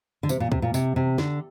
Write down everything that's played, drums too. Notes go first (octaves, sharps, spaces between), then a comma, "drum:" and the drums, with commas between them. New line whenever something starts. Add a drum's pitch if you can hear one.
D3
C3, drum: tambourine
A#2
C3, drum: kick
A#2
C3, drum: tambourine
C3
D3, drum: snare